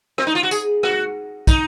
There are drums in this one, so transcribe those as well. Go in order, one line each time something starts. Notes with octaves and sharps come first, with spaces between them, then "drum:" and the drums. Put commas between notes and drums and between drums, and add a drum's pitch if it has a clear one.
C4, drum: rim click
D#4
F4
F#4
G#4, drum: tambourine
F#4, drum: rim click
D#4, drum: kick, tambourine